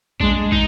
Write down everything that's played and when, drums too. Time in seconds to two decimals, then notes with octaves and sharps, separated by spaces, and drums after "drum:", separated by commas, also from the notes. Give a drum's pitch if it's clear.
0.20 G#3 D4, drum: kick
0.52 D#4, drum: kick